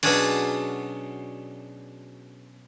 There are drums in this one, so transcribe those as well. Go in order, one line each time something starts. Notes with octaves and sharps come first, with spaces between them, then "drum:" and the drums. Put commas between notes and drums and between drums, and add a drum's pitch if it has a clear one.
B2 F#3 C#4 D4 G#4 D5, drum: cymbal